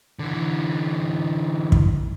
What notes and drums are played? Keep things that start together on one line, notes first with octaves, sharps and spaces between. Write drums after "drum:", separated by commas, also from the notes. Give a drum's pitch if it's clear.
D3 E3
drum: kick